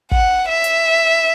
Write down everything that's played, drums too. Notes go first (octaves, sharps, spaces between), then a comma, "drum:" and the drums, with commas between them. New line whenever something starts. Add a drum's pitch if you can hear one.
F#5, drum: kick
E5
drum: hi-hat